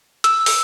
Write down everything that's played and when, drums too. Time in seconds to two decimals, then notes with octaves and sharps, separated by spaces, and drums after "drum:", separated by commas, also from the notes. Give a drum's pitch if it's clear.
0.24 E6, drum: hi-hat
0.46 drum: open hi-hat